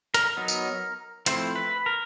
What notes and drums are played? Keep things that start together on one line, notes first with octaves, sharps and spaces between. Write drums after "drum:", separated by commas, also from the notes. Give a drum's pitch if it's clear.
A#4, drum: hi-hat
F#3 B3 D#4
drum: tambourine
F3 A3 C4 E4 C5, drum: hi-hat
B4
A#4